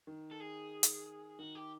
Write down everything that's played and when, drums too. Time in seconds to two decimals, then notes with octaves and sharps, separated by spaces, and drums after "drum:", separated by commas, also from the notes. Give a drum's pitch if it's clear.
0.07 D#3
0.31 A4
0.40 G#4
0.83 drum: hi-hat
1.39 D#3 F#4
1.55 G4